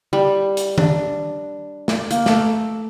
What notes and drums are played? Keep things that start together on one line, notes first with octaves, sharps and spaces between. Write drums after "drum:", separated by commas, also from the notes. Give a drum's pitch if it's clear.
G3
drum: hi-hat
D4, drum: tom D#3
drum: snare
A#3, drum: hi-hat
A3, drum: snare